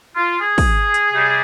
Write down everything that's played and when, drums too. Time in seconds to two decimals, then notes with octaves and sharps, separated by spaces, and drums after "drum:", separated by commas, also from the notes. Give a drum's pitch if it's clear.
0.15 F4
0.39 G#4
0.58 drum: kick, open hi-hat
0.94 drum: hi-hat
1.12 C3 G3